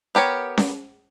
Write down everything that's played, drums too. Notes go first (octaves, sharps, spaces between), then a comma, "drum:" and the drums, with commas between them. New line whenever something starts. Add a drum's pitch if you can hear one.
B3 G4 A#4 C#5
drum: snare C#4